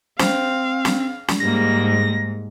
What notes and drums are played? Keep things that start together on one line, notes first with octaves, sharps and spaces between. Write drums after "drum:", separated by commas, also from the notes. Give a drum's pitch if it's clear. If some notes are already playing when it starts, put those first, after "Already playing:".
C4 F5, drum: snare
drum: snare
drum: snare
G#2 G3 A#3 A#6